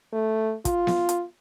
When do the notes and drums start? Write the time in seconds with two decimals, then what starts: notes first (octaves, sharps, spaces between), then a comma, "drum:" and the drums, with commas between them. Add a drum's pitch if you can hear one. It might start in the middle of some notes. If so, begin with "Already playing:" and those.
0.13 A3
0.65 F4, drum: kick, hi-hat
0.87 drum: snare B3
1.09 drum: hi-hat